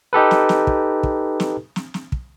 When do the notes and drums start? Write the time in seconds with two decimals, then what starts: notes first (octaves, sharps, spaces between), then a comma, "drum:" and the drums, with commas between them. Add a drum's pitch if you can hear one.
0.13 D#4 G4 A4 B4
0.31 drum: snare
0.49 drum: snare
0.67 drum: kick
1.03 drum: kick
1.40 drum: snare
1.76 drum: snare
1.94 drum: snare
2.12 drum: kick